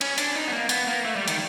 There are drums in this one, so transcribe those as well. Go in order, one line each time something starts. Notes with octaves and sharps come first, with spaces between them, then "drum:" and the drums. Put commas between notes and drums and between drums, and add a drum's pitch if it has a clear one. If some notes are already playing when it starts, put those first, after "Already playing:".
C#4, drum: cymbal
D4, drum: hi-hat
D#4
B3
A#3
B3, drum: hi-hat
A#3
A3
G3
D#3, drum: hi-hat